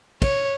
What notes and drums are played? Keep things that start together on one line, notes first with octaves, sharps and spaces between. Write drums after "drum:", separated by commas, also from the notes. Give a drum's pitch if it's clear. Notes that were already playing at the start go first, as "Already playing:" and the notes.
C#5, drum: kick, cymbal